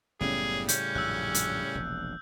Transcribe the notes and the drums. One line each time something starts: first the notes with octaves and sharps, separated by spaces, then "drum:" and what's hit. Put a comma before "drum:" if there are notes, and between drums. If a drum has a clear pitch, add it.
F#1 A2 C#3 G3 B3 C#4 G#4
C#4 G6, drum: hi-hat
A#1 F#2 A#2 E6 F#6
drum: hi-hat
E1 A#1 C3